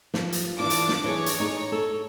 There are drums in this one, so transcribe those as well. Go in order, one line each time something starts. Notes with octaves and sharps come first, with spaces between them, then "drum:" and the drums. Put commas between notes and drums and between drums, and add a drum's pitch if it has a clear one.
F3, drum: snare
drum: hi-hat
E3 D4 F4 D6
drum: hi-hat
drum: snare
E3 G#4 C#5
drum: hi-hat
A3 D#4 G#4
A4